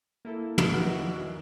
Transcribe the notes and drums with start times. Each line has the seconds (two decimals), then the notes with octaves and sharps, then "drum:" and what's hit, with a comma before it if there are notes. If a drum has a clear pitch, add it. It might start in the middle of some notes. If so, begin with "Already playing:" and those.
0.25 A#3 E4 A4
0.58 drum: tom
0.70 E2 D#3 E3 F#4 F6